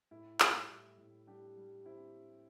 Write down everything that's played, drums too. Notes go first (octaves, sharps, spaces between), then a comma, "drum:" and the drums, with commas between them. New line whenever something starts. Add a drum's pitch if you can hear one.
A2 E4
G3, drum: clap
A2
A2
G3 D4 G4
G3
C4 E4